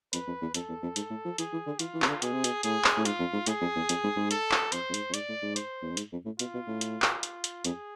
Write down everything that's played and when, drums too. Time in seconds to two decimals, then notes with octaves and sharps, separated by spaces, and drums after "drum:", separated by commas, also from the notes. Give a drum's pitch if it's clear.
0.13 F2 B4, drum: hi-hat
0.27 F2
0.41 E2
0.54 F2 A4, drum: hi-hat
0.68 E2
0.83 F2
0.96 G#2, drum: hi-hat
1.10 A2
1.25 F3
1.38 E3 G#4, drum: hi-hat
1.53 E3
1.66 D3
1.79 E3 F4, drum: hi-hat
1.94 E3
2.02 C3, drum: clap
2.08 D3
2.22 B2 G#4, drum: hi-hat
2.32 C3
2.44 B2, drum: hi-hat
2.63 A2 G#4, drum: hi-hat
2.84 drum: clap
2.97 A2
3.05 G#2 F4, drum: hi-hat
3.19 F2
3.33 G#2
3.46 A2 G#4, drum: hi-hat
3.61 F2
3.76 E2
3.89 F2, drum: hi-hat
4.03 G#2
4.16 G#2
4.31 A4, drum: hi-hat
4.51 drum: clap
4.72 F2 C5, drum: hi-hat
4.89 F2
4.94 G#2, drum: hi-hat
5.09 F2
5.14 G#2 D5, drum: hi-hat
5.29 A2
5.42 G#2
5.56 C5, drum: hi-hat
5.82 E2
5.90 F2
5.97 G#2, drum: hi-hat
6.12 F2
6.25 A2
6.39 B2 F4, drum: hi-hat
6.54 B2
6.67 A2
6.81 drum: hi-hat
7.02 drum: clap
7.23 drum: hi-hat
7.44 drum: hi-hat
7.65 F2 G#4, drum: hi-hat